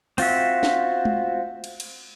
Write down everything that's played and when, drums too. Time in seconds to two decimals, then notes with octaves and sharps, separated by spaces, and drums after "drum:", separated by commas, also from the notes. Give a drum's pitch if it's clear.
0.18 C4 F4 F#4 E5, drum: open hi-hat
0.63 drum: snare
1.05 drum: tom G#3
1.64 drum: cymbal
1.80 drum: cymbal